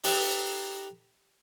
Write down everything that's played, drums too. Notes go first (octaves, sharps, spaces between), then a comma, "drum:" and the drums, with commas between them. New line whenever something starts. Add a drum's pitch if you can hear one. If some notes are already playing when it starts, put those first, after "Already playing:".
D#4 G4 A4 B4 E5 A#5, drum: open hi-hat